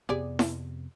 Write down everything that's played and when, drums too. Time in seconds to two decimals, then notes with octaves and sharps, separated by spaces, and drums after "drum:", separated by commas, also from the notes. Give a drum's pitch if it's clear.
0.09 F2 C3 B3 G4 G#4 D5
0.39 drum: snare E4